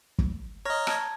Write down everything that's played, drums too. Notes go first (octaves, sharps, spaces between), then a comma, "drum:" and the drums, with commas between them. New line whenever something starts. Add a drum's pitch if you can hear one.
drum: kick
C#5 D#5 A#5 F6 A#6
A5 G#6, drum: rim click